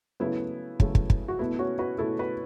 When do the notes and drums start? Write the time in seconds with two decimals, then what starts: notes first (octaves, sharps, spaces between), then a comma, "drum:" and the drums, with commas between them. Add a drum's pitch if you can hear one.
0.20 C#3 F#3 A3 B3 E4
0.80 C#3 F#3 A3, drum: kick
0.95 drum: kick
1.10 drum: kick
1.28 F#4
1.39 B2 A3 B3 E4
1.59 C#4 F#4
1.79 F#4 B4
1.98 B2 A3 E4 A4
2.19 F#4 B4